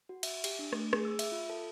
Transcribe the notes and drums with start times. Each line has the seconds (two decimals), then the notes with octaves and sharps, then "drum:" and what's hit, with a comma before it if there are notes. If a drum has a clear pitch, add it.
0.09 F#4
0.23 E5, drum: cymbal
0.44 G4, drum: cymbal
0.59 D4
0.73 A3, drum: rim click
0.93 G#4, drum: rim click
1.05 E6
1.19 E5, drum: cymbal
1.32 F4
1.50 A4